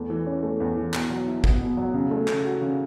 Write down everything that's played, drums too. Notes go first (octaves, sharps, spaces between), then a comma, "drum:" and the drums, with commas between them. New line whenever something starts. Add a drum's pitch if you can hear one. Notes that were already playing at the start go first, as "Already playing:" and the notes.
Already playing: E2 A3
E3
C#4
A3
E2
E3
B2, drum: clap
F#3
E4
B3, drum: kick
B2
F#3
C#3
A3
C#3, drum: clap
F#4
C#3